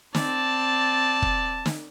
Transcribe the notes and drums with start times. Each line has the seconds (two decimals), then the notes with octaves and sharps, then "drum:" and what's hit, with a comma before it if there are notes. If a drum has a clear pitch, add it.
0.15 C4 D5 A5, drum: snare
1.22 drum: kick
1.66 drum: snare